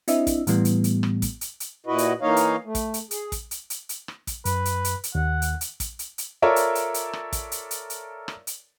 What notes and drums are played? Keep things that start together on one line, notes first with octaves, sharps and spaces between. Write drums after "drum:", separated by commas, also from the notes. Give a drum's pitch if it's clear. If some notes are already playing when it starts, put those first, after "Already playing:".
C4 D4 E4 D#5 E5, drum: hi-hat
drum: kick, hi-hat
A2 E3 G3 B3, drum: hi-hat
drum: hi-hat
drum: hi-hat
drum: rim click
drum: kick, hi-hat
drum: hi-hat
drum: hi-hat
A#2 E4 F#4 B4 D#5
drum: hi-hat
E3 A#3 D#4 C#5 D#5 F5
drum: hi-hat
A3
drum: kick, hi-hat
drum: hi-hat
G#4, drum: hi-hat
drum: kick, hi-hat
drum: hi-hat
drum: hi-hat
drum: hi-hat
drum: rim click
drum: kick, hi-hat
F#2 B4, drum: hi-hat
drum: hi-hat
drum: hi-hat
drum: hi-hat
D#2 F#5
drum: hi-hat
drum: hi-hat
drum: kick, hi-hat
drum: hi-hat
drum: hi-hat
F4 A4 A#4 C#5 D5 E5
drum: hi-hat
drum: hi-hat
drum: hi-hat
drum: rim click
drum: kick, hi-hat
drum: hi-hat
drum: hi-hat
drum: hi-hat
drum: rim click
drum: hi-hat